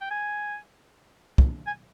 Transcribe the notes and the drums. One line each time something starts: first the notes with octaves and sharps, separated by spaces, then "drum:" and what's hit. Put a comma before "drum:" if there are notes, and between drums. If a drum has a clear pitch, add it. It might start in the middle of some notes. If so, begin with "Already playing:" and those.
G5
G#5
drum: kick
G#5